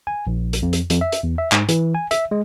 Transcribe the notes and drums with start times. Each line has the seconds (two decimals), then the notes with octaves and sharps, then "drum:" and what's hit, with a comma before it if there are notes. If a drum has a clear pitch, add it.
0.07 G#5
0.27 A#1
0.53 drum: hi-hat
0.62 F2
0.73 drum: hi-hat
0.90 F2, drum: hi-hat
1.01 E5
1.12 drum: hi-hat
1.23 E2
1.38 E5
1.52 G#2, drum: clap
1.69 E3, drum: hi-hat
1.95 G#5
2.11 E5, drum: hi-hat
2.31 G#3